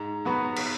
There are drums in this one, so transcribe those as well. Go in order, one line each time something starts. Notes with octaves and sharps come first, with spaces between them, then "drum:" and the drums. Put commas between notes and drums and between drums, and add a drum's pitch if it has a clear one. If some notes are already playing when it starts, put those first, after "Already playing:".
Already playing: G#2
F#3 B3 F#4 B4
drum: cymbal